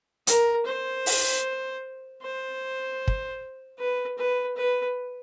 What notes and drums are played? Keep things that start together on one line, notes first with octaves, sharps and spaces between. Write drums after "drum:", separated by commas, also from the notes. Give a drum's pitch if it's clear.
A#4, drum: hi-hat
C5
drum: open hi-hat
C5
drum: kick
B4
B4
B4